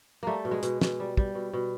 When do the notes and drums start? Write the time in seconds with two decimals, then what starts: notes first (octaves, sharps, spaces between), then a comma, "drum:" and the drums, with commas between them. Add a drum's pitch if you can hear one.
0.23 G3 A3 A#3
0.45 B2
0.51 G#3
0.63 B2, drum: hi-hat
0.81 B2, drum: snare
1.00 G3
1.17 G3, drum: kick
1.35 B2
1.54 B2